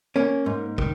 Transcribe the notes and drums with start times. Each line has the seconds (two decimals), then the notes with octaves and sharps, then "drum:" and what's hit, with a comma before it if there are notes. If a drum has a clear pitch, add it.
0.16 A#3 C#4
0.46 G#2
0.78 D#3, drum: kick